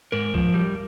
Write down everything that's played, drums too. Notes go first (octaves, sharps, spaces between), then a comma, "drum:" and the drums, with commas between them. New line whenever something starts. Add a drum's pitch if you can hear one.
G#2 A#4
F3, drum: kick
G3